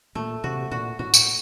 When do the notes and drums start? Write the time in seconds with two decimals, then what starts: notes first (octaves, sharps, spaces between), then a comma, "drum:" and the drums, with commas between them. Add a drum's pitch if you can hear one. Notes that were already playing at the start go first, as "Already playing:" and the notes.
0.15 A#2 A3
0.44 C3 F#4
0.71 A#2 F#4
0.99 A2 F#4
1.14 drum: tambourine